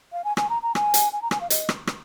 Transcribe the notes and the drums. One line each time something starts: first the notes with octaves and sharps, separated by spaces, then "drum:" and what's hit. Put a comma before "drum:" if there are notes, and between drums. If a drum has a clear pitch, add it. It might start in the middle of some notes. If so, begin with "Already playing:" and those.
F5
G#5
G#5, drum: rim click
A#5
A#5
G#5, drum: rim click
drum: hi-hat
G#5
A#5
G#5, drum: rim click
F5
D#5, drum: hi-hat
drum: rim click
drum: rim click